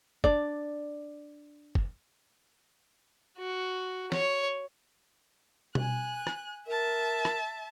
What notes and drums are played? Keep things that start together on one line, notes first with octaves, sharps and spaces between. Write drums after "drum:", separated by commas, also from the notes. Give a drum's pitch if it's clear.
D4 D5, drum: kick F#1
drum: kick F#1
F#4
C#5, drum: snare
G#5 F#6, drum: tom B2
drum: rim click
A#4 E5 A5
drum: rim click